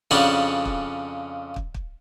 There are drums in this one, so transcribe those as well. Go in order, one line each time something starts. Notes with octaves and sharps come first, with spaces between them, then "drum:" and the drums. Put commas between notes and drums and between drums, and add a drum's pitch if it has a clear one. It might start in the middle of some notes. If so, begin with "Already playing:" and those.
F2 C#3 C#4 D4 F#4 A5
drum: kick
drum: kick
drum: kick